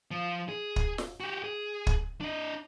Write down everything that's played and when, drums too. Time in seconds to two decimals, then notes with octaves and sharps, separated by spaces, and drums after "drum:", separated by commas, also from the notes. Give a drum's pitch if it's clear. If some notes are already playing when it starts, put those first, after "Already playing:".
0.11 F3
0.49 G#4
0.76 drum: kick
0.98 drum: snare
1.20 F#4 G4
1.44 G#4
1.87 drum: kick
2.21 D4 D#5